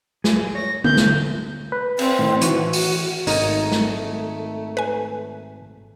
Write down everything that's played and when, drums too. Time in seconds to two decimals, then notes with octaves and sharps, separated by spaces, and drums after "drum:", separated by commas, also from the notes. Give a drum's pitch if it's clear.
0.24 G#4, drum: snare
0.55 C#5 A#6
0.84 E3 A#3 B3 G6, drum: tom
0.97 drum: snare
1.72 B4
1.99 C4, drum: cymbal
2.19 A2 D#3
2.41 E3 F#4 C#6, drum: hi-hat
2.73 F#4, drum: open hi-hat
3.27 G#1 A3 A#3 D#4, drum: open hi-hat
3.72 drum: snare
4.77 B4 G#5